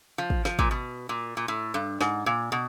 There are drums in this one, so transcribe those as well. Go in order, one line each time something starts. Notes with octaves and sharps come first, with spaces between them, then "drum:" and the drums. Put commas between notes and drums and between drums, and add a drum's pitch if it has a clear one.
F3
drum: kick
F3, drum: snare
A#2, drum: kick
B2
A#2
A#2
A2
G2
G#2, drum: snare
A#2
B2